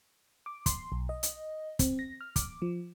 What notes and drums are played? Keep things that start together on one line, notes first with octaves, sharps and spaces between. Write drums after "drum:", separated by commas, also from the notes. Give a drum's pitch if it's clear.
D6
C6, drum: kick, hi-hat
B1
D#5
drum: hi-hat
C4, drum: kick, hi-hat
A#6
F6
D6, drum: kick, hi-hat
F3